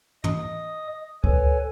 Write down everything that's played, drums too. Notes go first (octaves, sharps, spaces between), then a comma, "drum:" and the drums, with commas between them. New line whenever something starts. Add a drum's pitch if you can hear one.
D#5 D#6, drum: tom
A4 B4 C#5 G#5, drum: kick C#2